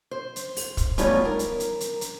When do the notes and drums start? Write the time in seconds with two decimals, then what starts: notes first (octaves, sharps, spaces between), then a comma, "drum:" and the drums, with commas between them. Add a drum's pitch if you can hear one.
0.11 C5
0.36 drum: hi-hat
0.57 drum: open hi-hat
0.77 drum: kick, hi-hat
0.98 E2 G3 A3 D#4 F4 C#5, drum: hi-hat
1.25 A#4
1.39 drum: hi-hat
1.60 drum: hi-hat
1.80 drum: hi-hat
2.01 drum: hi-hat